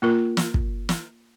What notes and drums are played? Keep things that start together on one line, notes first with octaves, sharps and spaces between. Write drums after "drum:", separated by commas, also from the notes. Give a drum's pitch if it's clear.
A#3 F4 A#4
drum: snare
drum: kick
drum: snare